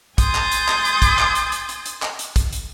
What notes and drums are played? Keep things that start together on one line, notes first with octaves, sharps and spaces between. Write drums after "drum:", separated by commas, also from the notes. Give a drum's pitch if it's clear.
G#5 C6 D#6 G6 A6, drum: kick, hi-hat
drum: clap
drum: hi-hat
drum: clap
drum: hi-hat
drum: kick, hi-hat
drum: clap
drum: hi-hat
drum: hi-hat
drum: hi-hat
drum: hi-hat
drum: clap
drum: hi-hat
drum: kick, hi-hat
drum: hi-hat